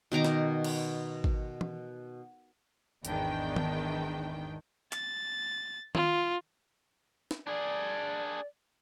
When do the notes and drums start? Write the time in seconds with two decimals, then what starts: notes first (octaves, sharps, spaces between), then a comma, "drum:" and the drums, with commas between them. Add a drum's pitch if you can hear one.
0.12 B2 D#3 A#5 D6
0.25 drum: snare
0.64 drum: cymbal
1.24 drum: kick G#1
1.61 drum: tom E3
3.05 G#1 E2 D#3 D4 G5, drum: hi-hat
3.56 drum: tom D#3
4.92 A6, drum: clap
5.95 F4, drum: tom D#3
7.31 drum: snare
7.47 D4 G#4 D5